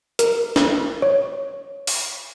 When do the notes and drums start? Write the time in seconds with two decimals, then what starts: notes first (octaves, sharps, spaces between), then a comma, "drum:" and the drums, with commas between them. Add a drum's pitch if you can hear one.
0.19 A#4, drum: hi-hat
0.56 drum: snare
1.02 C#5
1.87 drum: open hi-hat